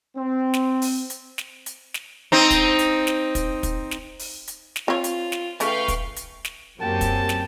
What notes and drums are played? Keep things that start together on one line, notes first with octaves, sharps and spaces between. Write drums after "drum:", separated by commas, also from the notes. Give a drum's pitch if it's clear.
C4
drum: snare
drum: open hi-hat
drum: hi-hat
drum: snare
drum: hi-hat
drum: snare
C4 D#4
drum: kick, hi-hat
drum: hi-hat
drum: snare
drum: kick, hi-hat
drum: kick, hi-hat
drum: snare
drum: open hi-hat
drum: hi-hat
drum: snare
C4 F4 C#5
drum: hi-hat
drum: snare
C#3 A3 B4 F5 G5 C#6, drum: hi-hat
drum: kick, hi-hat
drum: hi-hat
drum: snare
F#2 A#3 C4 C#4 G4 G5 A5
drum: kick, hi-hat
drum: snare